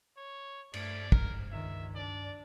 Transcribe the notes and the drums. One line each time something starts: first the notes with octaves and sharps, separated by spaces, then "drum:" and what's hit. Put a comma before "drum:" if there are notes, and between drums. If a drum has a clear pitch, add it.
C#5
G2 A3 D5, drum: cymbal
G#2 A#4, drum: kick
C#2 D#3 E5
D4 D5